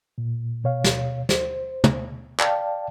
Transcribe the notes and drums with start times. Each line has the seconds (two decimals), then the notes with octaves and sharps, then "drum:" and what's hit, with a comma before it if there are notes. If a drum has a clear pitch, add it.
0.18 A#2
0.64 B2 C#5 F5
0.84 drum: snare
1.29 C5, drum: snare
1.84 drum: tom
2.40 D5 F5 G5 A5, drum: clap